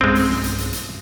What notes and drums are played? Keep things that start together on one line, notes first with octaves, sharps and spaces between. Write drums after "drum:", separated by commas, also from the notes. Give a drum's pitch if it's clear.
B1 G2 G#3 C4 C#4
drum: open hi-hat
drum: snare
drum: hi-hat
drum: hi-hat
drum: hi-hat